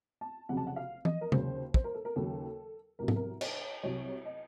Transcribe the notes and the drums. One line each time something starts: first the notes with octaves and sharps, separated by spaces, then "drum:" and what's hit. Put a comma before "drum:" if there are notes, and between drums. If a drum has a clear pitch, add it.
A5
F1 F2 C#3 F#3 F#5
A5
F#5
F5
D#5, drum: tom E3
A#4
D#2 C#3 F#3 C5, drum: tom C3
C5, drum: kick
A#4
A4
A#4
D#2 C#3 F#3 A4
C2 C3 F#3 A#4
A4, drum: tom G#2
A#4
C#5, drum: cymbal
C2 C3 F#3 C#5
D#5